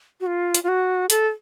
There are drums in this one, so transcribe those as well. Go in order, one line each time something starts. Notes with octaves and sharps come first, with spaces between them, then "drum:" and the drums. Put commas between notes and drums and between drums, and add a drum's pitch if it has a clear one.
F#4
F4
drum: hi-hat
F4
F#4
A4, drum: hi-hat